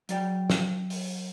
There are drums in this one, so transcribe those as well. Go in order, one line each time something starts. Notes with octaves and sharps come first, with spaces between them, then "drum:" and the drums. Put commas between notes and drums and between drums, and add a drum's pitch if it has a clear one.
F#3 D5 G5, drum: hi-hat
drum: snare
drum: open hi-hat